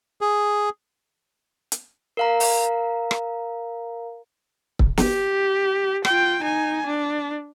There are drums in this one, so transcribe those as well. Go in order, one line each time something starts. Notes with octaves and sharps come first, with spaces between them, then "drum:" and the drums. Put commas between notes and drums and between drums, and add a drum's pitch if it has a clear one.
G#4
drum: hi-hat
A#4 F5 A#5
drum: open hi-hat
drum: rim click
drum: kick
G4, drum: snare
F4 G5, drum: rim click
D#4 G#5
D4